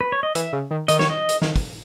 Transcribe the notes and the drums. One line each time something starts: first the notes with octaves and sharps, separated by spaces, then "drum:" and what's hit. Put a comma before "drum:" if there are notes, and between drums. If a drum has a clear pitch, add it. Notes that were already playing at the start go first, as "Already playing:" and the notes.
B4
C#5
D#5
E3 E5, drum: hi-hat
C#3
D#3
D#3 D#5, drum: hi-hat
C#5, drum: snare
D#5
drum: hi-hat
D#3, drum: snare
drum: kick, open hi-hat